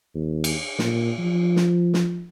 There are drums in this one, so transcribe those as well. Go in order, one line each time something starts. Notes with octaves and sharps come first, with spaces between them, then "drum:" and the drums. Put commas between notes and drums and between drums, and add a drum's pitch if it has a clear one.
D#2
drum: cymbal
A#2, drum: snare
F3
drum: snare
drum: snare